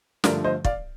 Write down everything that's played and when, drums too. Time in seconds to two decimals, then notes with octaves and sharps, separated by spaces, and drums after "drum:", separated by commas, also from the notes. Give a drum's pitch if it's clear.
0.24 G2 D3 F3 A3 A#4 D5, drum: snare
0.44 C5 D#5
0.65 D5 F5, drum: kick